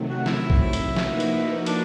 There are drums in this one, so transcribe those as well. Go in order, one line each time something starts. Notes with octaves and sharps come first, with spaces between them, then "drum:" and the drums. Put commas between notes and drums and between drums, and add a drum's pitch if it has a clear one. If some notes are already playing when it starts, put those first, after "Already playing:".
Already playing: C3 D#3 F#3 A3
F#4
E4, drum: snare
drum: kick A#1
drum: hi-hat
F3 A#3 D#4 F#4 B4, drum: snare
drum: hi-hat
D4, drum: hi-hat